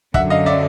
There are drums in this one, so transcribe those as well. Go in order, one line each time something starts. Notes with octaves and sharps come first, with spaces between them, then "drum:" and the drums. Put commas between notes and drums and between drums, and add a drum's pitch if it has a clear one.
F#2 D3 F#3 E5 F#5, drum: kick
D#5 F5
D5 E5